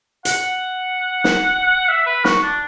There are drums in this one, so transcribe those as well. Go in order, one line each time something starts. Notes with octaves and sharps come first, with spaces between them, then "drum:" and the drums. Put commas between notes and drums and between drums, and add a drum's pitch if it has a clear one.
F#5, drum: hi-hat
drum: snare
E5
B4
F#4, drum: snare
D4